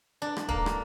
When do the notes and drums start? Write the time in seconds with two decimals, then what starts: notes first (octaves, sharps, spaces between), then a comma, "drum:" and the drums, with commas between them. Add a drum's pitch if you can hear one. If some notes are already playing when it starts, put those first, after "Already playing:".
0.22 D4
0.37 drum: rim click
0.49 A#3, drum: kick
0.66 drum: rim click